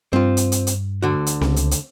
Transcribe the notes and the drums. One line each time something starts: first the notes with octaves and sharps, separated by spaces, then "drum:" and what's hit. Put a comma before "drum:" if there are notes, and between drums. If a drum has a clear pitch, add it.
G2 C4 F4
drum: hi-hat
drum: hi-hat
drum: hi-hat
D2 D3 F#4
drum: hi-hat
C#2, drum: snare C4
drum: hi-hat
drum: hi-hat